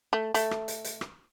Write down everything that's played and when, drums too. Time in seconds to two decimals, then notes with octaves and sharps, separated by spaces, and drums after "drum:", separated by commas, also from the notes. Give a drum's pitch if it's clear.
0.13 A3
0.34 A3, drum: hi-hat
0.51 drum: rim click
0.68 drum: hi-hat
0.84 drum: hi-hat
1.01 drum: rim click